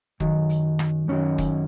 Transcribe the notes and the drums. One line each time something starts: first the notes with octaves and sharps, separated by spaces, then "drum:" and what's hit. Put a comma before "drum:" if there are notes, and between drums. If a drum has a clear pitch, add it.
F#2 D#3 F#3, drum: kick
drum: hi-hat
drum: rim click
F#2 D#3 F#3 C#4
drum: kick, hi-hat